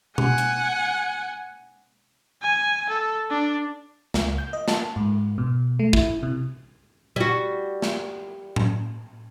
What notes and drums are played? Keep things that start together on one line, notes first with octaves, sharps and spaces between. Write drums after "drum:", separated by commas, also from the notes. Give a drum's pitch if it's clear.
F#5 G#5, drum: tom B2
drum: hi-hat
G#5
A4
D4
C#2, drum: snare
G6
D#5
A5, drum: snare
G#2
B2
A3
E4, drum: kick
C3
G3 F#4
drum: snare
drum: tom A2